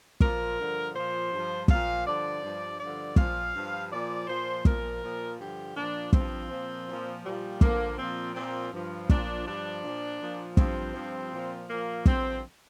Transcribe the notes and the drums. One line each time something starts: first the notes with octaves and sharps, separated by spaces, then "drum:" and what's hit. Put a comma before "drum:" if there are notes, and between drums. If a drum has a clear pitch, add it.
A#2 F3 A#4, drum: kick
G2 D3 F3
A#2 F3 C5
G2 F3
A#2 F3 F5, drum: kick
G2 D3 F3 D5
G2 F3
G2 D3 F3 D5
A#2 F3 F5, drum: kick
G2 F3
A#2 F3 D5
A#2 F3 C5
A#2 F3 A#4, drum: kick
A#2 F3
G2 D3 F3 G4
A#2 F3 D4
G2 F3 C4, drum: kick
A#2 F3
A#2 F3
A#2 F3 G3
G2 D3 F3 A#3, drum: kick
A#2 F3 C4
A#2 F3 C4
G2 F3
A#2 F3 D4, drum: kick
G2 F3 D4
A#2 F3
A#2 F3
G2 F3 C4, drum: kick
G2 F3
A#2 F3
A#2 F3 A#3
G2 D3 F3 C4, drum: kick